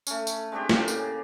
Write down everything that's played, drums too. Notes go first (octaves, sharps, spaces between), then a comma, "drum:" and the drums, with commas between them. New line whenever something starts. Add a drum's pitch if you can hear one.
A3 C#4, drum: tambourine
drum: tambourine
G#3 C4 D4 G4
A2 C#3 A#3 D5, drum: snare
drum: tambourine
G#4